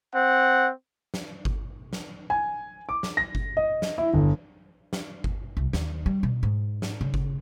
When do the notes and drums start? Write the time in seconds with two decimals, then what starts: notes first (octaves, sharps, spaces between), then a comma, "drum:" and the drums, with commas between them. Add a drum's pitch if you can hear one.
0.14 C4 F#5
1.14 drum: snare
1.45 drum: kick G1
1.93 drum: snare
2.30 G#5
2.89 D6
3.03 drum: snare
3.17 A#6
3.35 drum: kick G1
3.57 D#5
3.82 drum: snare
3.98 E4
4.13 G1
4.93 drum: snare
5.24 drum: kick G1
5.57 C2
5.73 D#2, drum: snare
6.06 G3
6.23 B2
6.43 G#2
6.82 drum: snare
7.01 C#3
7.14 drum: kick G1